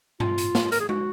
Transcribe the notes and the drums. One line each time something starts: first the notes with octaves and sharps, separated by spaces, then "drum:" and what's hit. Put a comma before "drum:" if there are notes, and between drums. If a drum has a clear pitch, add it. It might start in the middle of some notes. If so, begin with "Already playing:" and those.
F4, drum: tom G2
drum: hi-hat
drum: snare
A#4, drum: hi-hat
G#4
F#4, drum: tom G#3